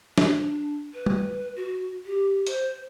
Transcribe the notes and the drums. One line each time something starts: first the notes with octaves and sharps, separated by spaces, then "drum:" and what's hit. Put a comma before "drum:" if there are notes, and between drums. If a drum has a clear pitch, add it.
D4, drum: snare
B4
drum: tom
F#4
G4
C5, drum: hi-hat